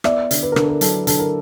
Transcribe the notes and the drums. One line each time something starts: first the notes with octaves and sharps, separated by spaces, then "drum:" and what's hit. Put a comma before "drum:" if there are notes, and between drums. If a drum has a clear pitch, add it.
B3 D5 E5, drum: rim click
D3, drum: hi-hat
B4
A#4
D3 A4, drum: rim click
A#4
F#3 A4, drum: hi-hat
D3 A4, drum: hi-hat
A#4